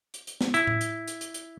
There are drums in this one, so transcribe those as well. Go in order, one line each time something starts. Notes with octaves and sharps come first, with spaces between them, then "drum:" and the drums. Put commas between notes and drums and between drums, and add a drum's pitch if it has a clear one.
drum: hi-hat
drum: hi-hat
drum: snare
E4, drum: hi-hat
drum: tom A2
drum: hi-hat
drum: hi-hat
drum: hi-hat
drum: hi-hat